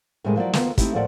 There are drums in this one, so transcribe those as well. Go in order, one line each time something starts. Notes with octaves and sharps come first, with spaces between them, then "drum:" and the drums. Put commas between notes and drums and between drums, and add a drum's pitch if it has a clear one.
A2 C3 G3 G#3 A#3
F3 F#3 A#3 D5
D2 D#3 A#3 B3 F4, drum: snare
A3 C4 D#4 E4 G4, drum: kick, hi-hat
D#2 A2 F3 A3 D5 F#5